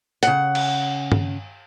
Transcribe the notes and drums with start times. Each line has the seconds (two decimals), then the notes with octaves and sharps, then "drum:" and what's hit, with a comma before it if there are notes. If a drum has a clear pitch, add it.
0.23 C#3 F#5, drum: hi-hat
0.55 drum: cymbal
1.12 drum: tom G2